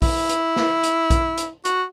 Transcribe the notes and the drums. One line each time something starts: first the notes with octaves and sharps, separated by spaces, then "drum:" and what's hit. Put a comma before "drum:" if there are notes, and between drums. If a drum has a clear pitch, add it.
E4, drum: kick A#1, open hi-hat
drum: hi-hat
drum: snare
drum: hi-hat
drum: kick A#1, hi-hat
drum: hi-hat
F#4, drum: hi-hat